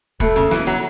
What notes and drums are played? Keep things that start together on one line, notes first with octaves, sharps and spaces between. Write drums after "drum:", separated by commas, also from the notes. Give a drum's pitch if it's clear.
B2 A3, drum: kick E1
C#3
E3, drum: snare
F#3